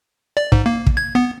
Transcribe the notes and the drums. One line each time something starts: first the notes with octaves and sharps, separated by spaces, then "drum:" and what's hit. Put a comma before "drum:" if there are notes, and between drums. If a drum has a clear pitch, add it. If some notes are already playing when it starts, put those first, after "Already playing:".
D5
G#2, drum: kick
A#3
drum: kick
G#6
B3